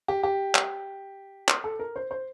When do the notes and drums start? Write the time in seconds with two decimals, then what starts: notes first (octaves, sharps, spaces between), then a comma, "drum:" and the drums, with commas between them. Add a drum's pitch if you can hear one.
0.08 G4
0.23 G4
0.55 drum: clap
1.48 drum: clap
1.64 A4
1.79 A#4
1.96 C5
2.11 C5